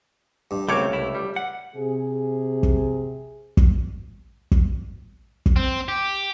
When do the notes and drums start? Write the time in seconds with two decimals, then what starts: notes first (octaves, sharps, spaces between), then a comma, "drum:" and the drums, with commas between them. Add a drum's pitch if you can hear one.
0.51 G2
0.69 C#2 G3 A3 A#3 C4 C#5 D6
0.90 C2 E4
1.15 G3
1.36 F#5
1.76 C3 G#4
2.63 drum: kick
3.57 drum: kick
4.51 drum: kick
5.46 drum: kick
5.56 C4
5.88 G4